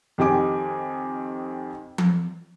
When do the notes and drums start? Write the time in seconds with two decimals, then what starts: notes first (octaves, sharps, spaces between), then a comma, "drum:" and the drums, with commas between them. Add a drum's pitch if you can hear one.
0.18 F2 D#3 G4 D#5 G#5 D6
1.98 drum: tom F3